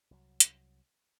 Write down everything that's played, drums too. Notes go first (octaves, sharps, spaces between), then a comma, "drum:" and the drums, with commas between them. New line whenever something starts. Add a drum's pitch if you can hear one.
C2 F#3
drum: hi-hat